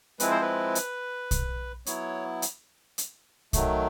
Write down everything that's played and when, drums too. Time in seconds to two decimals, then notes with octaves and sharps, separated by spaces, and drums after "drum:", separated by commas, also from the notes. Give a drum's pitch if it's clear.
0.20 F3 G#3 C4 E4 B4, drum: hi-hat
0.31 C5
0.41 B4
0.75 drum: hi-hat
1.31 drum: kick, hi-hat
1.86 F#3 B3 E4 C#5, drum: hi-hat
2.42 drum: hi-hat
2.98 drum: hi-hat
3.53 D#3 F#3 A3, drum: kick, hi-hat